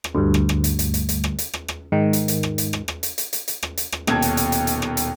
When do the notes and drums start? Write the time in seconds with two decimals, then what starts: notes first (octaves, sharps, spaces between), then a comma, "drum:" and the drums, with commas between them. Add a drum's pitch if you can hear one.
0.04 drum: rim click
0.15 D2 G2
0.34 drum: rim click
0.49 drum: rim click
0.64 drum: hi-hat
0.79 drum: hi-hat
0.94 drum: hi-hat
1.09 drum: hi-hat
1.24 drum: rim click
1.39 drum: hi-hat
1.53 drum: rim click
1.68 drum: rim click
1.92 G#2 D#3
2.13 drum: hi-hat
2.28 drum: hi-hat
2.43 drum: rim click
2.58 drum: hi-hat
2.73 drum: rim click
2.88 drum: rim click
3.03 drum: hi-hat
3.18 drum: hi-hat
3.33 drum: hi-hat
3.48 drum: hi-hat
3.63 drum: rim click
3.77 drum: hi-hat
3.92 drum: rim click
4.07 D#1 D#2 B2 G5 A5 G#6, drum: rim click
4.22 drum: hi-hat
4.37 drum: hi-hat
4.52 drum: hi-hat
4.67 drum: hi-hat
4.82 drum: rim click
4.97 drum: hi-hat